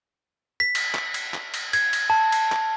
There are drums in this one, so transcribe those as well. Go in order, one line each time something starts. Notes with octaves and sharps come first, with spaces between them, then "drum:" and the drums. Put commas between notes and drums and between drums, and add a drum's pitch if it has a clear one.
B6
drum: cymbal
drum: clap
drum: cymbal
drum: clap
drum: cymbal
G#6, drum: cymbal
drum: cymbal
A5
drum: cymbal
drum: clap